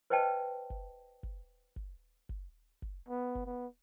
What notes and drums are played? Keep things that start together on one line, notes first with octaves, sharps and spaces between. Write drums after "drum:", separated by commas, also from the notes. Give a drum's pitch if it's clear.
B4 C5 D5 D#5 G5 A5
drum: kick
drum: kick
drum: kick
drum: kick
drum: kick
B3
drum: kick
B3